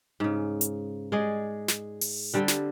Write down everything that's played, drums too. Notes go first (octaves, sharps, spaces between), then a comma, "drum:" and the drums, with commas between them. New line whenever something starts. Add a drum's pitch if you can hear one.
G#2 C#3
drum: hi-hat
G#3 G#4 D5
drum: snare
drum: open hi-hat
D3 G3 C4
drum: snare